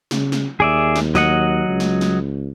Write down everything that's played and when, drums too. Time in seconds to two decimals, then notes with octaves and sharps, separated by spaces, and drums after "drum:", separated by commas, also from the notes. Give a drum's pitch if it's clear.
0.11 C#3, drum: snare
0.32 drum: snare
0.60 D#2 G#4 D5 E5
0.96 drum: snare
1.15 F#3 D#5 F#5, drum: snare
1.69 C#2
1.80 drum: snare
2.01 drum: snare